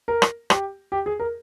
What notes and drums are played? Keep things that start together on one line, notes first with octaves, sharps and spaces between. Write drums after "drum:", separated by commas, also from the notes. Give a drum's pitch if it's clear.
A#4
drum: rim click
G4, drum: rim click
G4
G#4
A#4